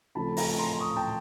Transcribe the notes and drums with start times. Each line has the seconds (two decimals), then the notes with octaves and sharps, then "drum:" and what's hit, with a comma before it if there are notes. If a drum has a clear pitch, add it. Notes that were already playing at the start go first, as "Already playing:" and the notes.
0.15 C#3 F3 A3 C4 A5 B5
0.37 G#5 A#5, drum: open hi-hat
0.59 A#5 C6
0.80 C#6 D#6
0.96 G5 A5